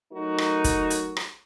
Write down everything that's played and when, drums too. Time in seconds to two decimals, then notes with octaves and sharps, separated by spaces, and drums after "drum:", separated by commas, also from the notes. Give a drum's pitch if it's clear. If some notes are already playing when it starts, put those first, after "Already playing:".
0.12 F#3 A3 D#4 F#4 A#4
0.38 drum: rim click
0.64 drum: kick, hi-hat
0.90 drum: hi-hat
1.17 drum: rim click